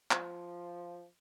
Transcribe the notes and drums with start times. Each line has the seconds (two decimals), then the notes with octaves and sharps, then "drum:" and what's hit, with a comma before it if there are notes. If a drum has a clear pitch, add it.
0.11 F3, drum: clap